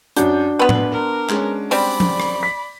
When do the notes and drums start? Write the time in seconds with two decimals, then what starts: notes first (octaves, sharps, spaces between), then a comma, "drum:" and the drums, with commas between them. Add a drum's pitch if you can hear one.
0.16 F#2 D4 F#4 G6, drum: hi-hat
0.59 B3 B4 C6
0.69 drum: tom A2
0.92 A#4
1.29 G#3 C#4, drum: clap
1.71 G3 C4 D5 B5, drum: open hi-hat
2.00 drum: tom F3
2.20 drum: rim click
2.43 B6